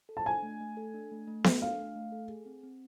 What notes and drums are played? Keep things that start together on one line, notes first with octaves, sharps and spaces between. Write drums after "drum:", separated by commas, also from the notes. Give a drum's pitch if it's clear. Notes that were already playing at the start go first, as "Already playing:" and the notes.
A4
A5
D4 G#5
A3
A3
A4
D4
A3
A3
A4, drum: snare B3
D4 F5
A3
A3
A4
G#4
C4
C4